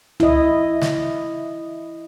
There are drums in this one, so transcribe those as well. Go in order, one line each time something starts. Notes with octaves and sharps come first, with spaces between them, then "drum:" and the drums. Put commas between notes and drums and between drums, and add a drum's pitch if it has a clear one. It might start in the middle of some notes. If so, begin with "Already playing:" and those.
E4 D#5, drum: tom C#2
drum: snare